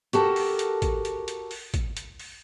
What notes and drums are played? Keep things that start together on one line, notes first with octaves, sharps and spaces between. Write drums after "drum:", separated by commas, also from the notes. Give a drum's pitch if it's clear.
F#4 G4 A4 A#4, drum: hi-hat
drum: open hi-hat
drum: hi-hat
drum: kick, hi-hat
drum: hi-hat
drum: hi-hat
drum: open hi-hat
drum: kick, hi-hat
drum: hi-hat
drum: open hi-hat